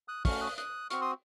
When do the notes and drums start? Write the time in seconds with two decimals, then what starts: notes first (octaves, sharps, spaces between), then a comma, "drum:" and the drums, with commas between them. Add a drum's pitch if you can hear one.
0.08 D#6 F#6
0.25 A3 C#4 F#4 C#6 F6, drum: kick, open hi-hat
0.41 D#6 F#6
0.58 D#6 F#6, drum: hi-hat
0.90 C4 F#4 C#6 F6, drum: hi-hat
1.01 C6 D#6